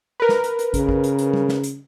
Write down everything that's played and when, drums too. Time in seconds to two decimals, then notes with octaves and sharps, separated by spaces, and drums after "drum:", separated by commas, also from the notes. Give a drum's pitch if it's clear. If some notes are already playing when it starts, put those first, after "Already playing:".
0.20 A#4 B4
0.29 drum: snare
0.44 drum: hi-hat
0.59 drum: hi-hat
0.74 C#3, drum: kick, hi-hat
0.89 drum: kick
1.04 drum: hi-hat
1.19 drum: hi-hat
1.34 drum: tom G3
1.49 drum: snare
1.63 drum: hi-hat